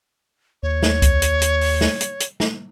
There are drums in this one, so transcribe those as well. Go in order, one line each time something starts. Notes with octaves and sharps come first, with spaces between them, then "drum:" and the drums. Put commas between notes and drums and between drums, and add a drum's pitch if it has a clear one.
D#2 C#5
drum: snare
drum: kick C2, hi-hat
drum: hi-hat
drum: hi-hat
drum: open hi-hat
drum: snare
drum: hi-hat
drum: hi-hat
drum: snare